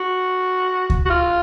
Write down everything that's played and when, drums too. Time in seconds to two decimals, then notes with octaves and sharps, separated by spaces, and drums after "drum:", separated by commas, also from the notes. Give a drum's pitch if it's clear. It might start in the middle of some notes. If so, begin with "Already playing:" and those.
Already playing: F#4
0.90 drum: kick D2
1.06 F#4
1.10 F4